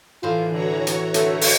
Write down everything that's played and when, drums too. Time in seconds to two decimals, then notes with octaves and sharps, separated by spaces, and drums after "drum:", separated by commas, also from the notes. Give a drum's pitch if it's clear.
0.23 A2 E3 F4 C5
0.52 D3 E3 F#4 C#5 A#5
0.87 drum: hi-hat
1.14 D3 A3, drum: hi-hat
1.41 drum: open hi-hat